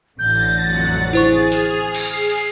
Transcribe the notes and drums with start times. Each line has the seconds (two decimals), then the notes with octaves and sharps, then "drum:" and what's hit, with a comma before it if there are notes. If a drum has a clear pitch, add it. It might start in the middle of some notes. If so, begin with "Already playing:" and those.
0.19 A1 D3 G6 A6 A#6
0.62 F2 F#3 F#5 A6
1.13 E4 G#4 C5 C#6
1.52 F6, drum: open hi-hat
1.95 drum: cymbal
2.13 G#4 C7
2.30 drum: cymbal